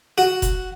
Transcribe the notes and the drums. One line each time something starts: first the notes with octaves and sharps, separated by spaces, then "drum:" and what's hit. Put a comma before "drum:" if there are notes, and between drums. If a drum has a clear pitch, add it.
F#4
drum: kick F1, hi-hat